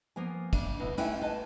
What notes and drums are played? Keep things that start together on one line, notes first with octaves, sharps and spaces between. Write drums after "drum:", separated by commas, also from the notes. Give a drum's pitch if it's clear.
F3 A#3 B3 G#5
D4, drum: kick, cymbal
B2 E4
A3 C#4 D#4 E4 B4 G5, drum: cymbal
B4 D#5 A5